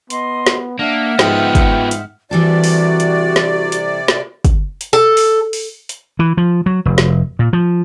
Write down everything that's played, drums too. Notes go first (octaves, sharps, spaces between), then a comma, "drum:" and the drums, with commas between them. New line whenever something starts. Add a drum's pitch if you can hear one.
B3 D#5 C6, drum: hi-hat
drum: snare
A#3 D4 E5 F#5 F6
G#2 F3 B3 G5, drum: snare
drum: kick, hi-hat
drum: hi-hat
C3 E3 G3 F#4 A4 D5
drum: open hi-hat
drum: hi-hat
drum: snare
drum: hi-hat
drum: snare
drum: kick, hi-hat
drum: hi-hat
A4
drum: open hi-hat
drum: open hi-hat
drum: hi-hat
E3
F3
F#3
F1
drum: snare
A#2
F3